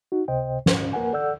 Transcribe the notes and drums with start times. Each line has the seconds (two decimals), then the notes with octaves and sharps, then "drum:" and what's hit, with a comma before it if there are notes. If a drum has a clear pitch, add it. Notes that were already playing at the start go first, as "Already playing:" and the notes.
0.12 D#4 F#4
0.28 C#2 C3 C5 D#5 G5
0.66 G#2 C#4, drum: snare
0.93 A#3 A#4 B4 F#5 G#5
1.13 A4 D5 F#5 E6 G6